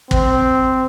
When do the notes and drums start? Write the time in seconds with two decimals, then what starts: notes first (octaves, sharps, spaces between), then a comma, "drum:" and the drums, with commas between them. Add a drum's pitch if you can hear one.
0.11 C4, drum: kick